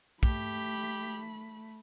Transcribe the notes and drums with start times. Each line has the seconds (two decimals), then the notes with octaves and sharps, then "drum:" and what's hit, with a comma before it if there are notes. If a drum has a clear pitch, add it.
0.23 A3 G4 B5, drum: kick